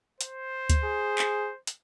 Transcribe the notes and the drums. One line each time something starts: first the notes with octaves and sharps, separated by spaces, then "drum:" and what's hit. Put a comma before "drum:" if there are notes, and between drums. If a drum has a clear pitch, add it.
C5, drum: hi-hat
drum: kick D2, hi-hat
G#4
drum: clap
drum: hi-hat